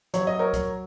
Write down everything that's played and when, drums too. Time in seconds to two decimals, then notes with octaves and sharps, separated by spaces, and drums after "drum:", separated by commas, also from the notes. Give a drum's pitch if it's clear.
0.14 F#3 C#5, drum: hi-hat
0.27 D#5
0.39 A#4 C#5
0.53 drum: kick C#2, hi-hat